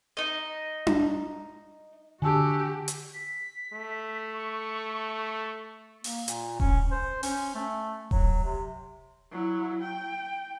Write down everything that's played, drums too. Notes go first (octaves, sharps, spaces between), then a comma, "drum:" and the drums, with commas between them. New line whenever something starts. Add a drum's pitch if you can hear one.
D#4 D#5
drum: tom D4
D3 F#4 G4 G#5 A5 E6
drum: hi-hat
B6
A3
C#6
A#3, drum: open hi-hat
A#2, drum: hi-hat
C#4, drum: kick D#1
C5
C#4, drum: open hi-hat
A3
F#3, drum: kick D#1
C3
F#3 E4
G5